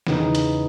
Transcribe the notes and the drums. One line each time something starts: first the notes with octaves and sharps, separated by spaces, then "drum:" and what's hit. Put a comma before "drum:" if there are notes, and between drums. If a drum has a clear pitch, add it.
E2 C#3 E3 B3 D#4 B4, drum: snare
drum: hi-hat